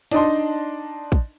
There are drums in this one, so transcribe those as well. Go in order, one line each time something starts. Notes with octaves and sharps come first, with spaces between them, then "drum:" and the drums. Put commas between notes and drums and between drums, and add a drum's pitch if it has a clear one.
D4 D#4 D5 D#5 A5 C6, drum: hi-hat
drum: kick